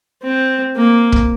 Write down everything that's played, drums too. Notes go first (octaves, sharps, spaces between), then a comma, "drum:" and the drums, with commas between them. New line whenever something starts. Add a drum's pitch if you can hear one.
C4
A#3
drum: kick